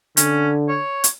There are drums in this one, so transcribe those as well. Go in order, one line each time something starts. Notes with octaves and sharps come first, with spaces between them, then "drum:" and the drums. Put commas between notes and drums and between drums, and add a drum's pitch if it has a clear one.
D3 C#4, drum: hi-hat
C#5
drum: hi-hat